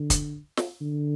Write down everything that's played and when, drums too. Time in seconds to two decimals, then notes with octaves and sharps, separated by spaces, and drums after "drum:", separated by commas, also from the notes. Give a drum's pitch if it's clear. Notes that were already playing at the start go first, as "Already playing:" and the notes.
Already playing: D3
0.10 drum: kick, hi-hat
0.57 drum: snare
0.81 D3